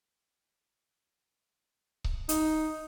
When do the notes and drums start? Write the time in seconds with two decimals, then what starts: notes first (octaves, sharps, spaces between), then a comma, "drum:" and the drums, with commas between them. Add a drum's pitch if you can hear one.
2.04 drum: kick C#1
2.29 D#4, drum: hi-hat